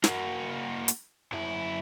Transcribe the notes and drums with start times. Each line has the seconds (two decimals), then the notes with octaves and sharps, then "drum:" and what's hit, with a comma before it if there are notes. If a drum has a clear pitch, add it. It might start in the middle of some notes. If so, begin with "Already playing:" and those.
0.04 A#3 F#4, drum: snare
0.88 drum: hi-hat
1.32 F#2 E4